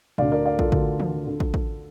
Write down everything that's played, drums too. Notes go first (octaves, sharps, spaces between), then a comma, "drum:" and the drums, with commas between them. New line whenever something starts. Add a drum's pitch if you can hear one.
D2 D3 D5 F5, drum: tom
A#4 D5
D5 F5
F4 A4, drum: kick
D2 D3, drum: kick
drum: tom
D3
drum: kick
drum: kick